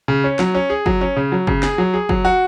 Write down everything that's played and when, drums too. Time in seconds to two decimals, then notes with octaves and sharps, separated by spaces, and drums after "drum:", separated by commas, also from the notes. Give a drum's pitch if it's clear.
0.08 C#3
0.24 C#4
0.39 F#3, drum: snare
0.55 C#4
0.70 G#4
0.86 F#3, drum: kick F#1
1.01 C#4
1.16 C#3
1.32 F#3
1.47 C#3, drum: kick F#1
1.63 G#4, drum: snare
1.78 F#3
1.94 G#4
2.09 F#3, drum: kick F#1
2.25 F#4